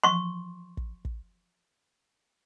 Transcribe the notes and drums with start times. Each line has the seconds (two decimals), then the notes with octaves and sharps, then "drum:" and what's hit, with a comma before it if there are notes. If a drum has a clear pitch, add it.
0.04 C6 C#6
0.77 drum: kick
1.05 drum: kick